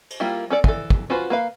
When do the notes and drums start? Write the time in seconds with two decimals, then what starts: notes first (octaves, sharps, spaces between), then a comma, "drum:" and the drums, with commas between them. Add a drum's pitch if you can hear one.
0.10 drum: cymbal
0.20 G3 A#3 E4 F4
0.50 C#4 A4 D5
0.64 E3 A4, drum: kick
0.90 drum: kick
1.10 C#4 F4 F#4 B4 C5
1.30 A#3 B4 F5